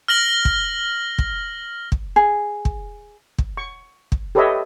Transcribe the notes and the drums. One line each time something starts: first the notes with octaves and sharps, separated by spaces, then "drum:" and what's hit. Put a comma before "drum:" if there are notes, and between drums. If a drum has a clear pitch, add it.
F6 A#6 F#7
drum: kick
drum: kick
drum: kick
G#4
drum: kick
drum: kick
C#6
drum: kick
G4 A4 B4 C#5 D#5 E5